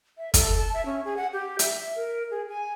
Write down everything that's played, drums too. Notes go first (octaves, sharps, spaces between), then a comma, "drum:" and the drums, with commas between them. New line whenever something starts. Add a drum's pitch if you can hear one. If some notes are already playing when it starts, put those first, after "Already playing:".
E5
A4, drum: kick, hi-hat
A5
E5
C#4
G#4
F#5
G4
E5, drum: hi-hat
A#4
G#4
G#5